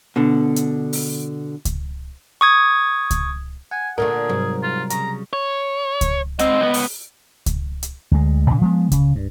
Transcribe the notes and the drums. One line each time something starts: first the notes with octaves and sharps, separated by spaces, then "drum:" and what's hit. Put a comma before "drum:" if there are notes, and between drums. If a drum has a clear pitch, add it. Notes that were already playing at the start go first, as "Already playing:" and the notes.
B2 D3
drum: hi-hat
drum: open hi-hat
drum: kick C#2, hi-hat
C#6 D#6 G#6
drum: kick C#2, hi-hat
F#5 G#5
A#2 D3 A3 G#4 A#4
G#2 C3 F#3 G3
F4
C#3 A#5, drum: hi-hat
C#5
drum: kick C#2, hi-hat
G#2 C4 D#5, drum: hi-hat
C#2 B3
drum: open hi-hat
drum: kick C#2, hi-hat
drum: hi-hat
D2 G#3
A1 A#2 C#3
F3 G#3 B3
C#3, drum: kick C#2, hi-hat
G2